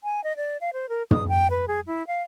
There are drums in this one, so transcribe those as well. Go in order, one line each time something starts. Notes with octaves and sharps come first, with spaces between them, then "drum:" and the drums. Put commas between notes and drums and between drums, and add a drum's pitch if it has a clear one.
G#5
D#5
D5
F5
C5
A#4
D#6, drum: tom
G5
B4
G#4
E4
F5